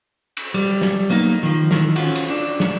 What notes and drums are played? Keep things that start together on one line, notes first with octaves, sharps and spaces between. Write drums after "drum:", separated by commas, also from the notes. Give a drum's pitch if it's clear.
drum: cymbal
G3
drum: snare
F#3 A#3 B3 D#4
D#3 F3
D#3 E3, drum: snare
C#4 F4 F#4, drum: cymbal
drum: cymbal
D4
drum: snare